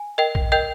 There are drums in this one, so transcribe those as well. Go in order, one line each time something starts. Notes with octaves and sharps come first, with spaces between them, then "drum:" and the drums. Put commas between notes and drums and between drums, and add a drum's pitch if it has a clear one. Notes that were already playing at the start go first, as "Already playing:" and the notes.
Already playing: G#5
A#4 D#5 G5
drum: kick A#1
A#4 D#5 G5 G6